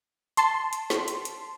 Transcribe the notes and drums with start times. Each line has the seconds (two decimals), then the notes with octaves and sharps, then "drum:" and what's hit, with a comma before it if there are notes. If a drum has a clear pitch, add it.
0.37 A5 C6, drum: hi-hat
0.73 drum: hi-hat
0.90 drum: snare
1.08 drum: hi-hat
1.25 drum: hi-hat